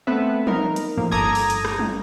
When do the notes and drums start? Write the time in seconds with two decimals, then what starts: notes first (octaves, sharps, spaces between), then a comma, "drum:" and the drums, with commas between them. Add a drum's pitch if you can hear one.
0.07 A3 B3 C4 B4 E5
0.47 D#4 A#4, drum: tom E3
0.76 drum: hi-hat
0.97 A2 F3 A#3
1.11 G1 A4 A#5 D6 D#6 G#6
1.35 drum: open hi-hat
1.50 drum: hi-hat
1.65 drum: rim click
1.79 drum: tom F#3